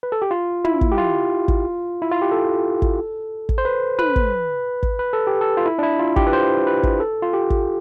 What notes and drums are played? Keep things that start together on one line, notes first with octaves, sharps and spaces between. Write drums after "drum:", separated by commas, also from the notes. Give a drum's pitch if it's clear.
B4
A4
G4
F4
E4, drum: tom
drum: kick
G4
F4
drum: kick
E4
F4
G4
A4
drum: kick
drum: kick
C5
B4
B4, drum: tom
drum: kick
drum: kick
B4
A4
G4
A4
F4
E4
D4
E4
F4
G4, drum: kick
B4
C5
B4
drum: kick
A4
F4
G4
drum: kick